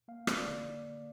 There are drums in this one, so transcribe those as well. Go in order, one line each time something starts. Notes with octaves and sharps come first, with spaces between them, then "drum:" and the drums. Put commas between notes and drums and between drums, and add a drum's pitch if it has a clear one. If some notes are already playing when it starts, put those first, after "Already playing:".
A#3 F5
A#3, drum: rim click
D5
D3